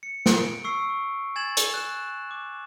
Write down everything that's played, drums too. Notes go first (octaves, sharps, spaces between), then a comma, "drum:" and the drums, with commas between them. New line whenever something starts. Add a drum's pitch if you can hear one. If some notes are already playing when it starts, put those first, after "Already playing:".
C#7
D7, drum: snare
C#6 E6 C7
G#5 G#6 A6 E7 F#7
drum: hi-hat
F#6 E7
D6